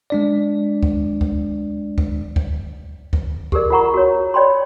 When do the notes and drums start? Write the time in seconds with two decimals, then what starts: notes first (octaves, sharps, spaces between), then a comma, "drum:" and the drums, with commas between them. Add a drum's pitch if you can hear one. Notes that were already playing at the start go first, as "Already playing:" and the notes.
0.10 G#3 D4 D5
0.83 drum: kick
1.21 drum: kick
1.98 drum: kick
2.36 drum: kick
3.13 drum: kick
3.52 G4 G#4 A#4 D5, drum: kick
3.70 F4 A#4 F#5 A#5 C#6
3.94 F#4 C#5
4.34 C#5 D5 G5 B5 C6